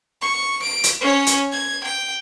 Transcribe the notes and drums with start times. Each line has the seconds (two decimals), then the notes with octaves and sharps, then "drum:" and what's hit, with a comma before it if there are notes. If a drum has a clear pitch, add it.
0.21 C#6
0.62 D7
0.84 drum: hi-hat
1.01 C#4 C#5
1.27 drum: hi-hat
1.52 G#6
1.84 G5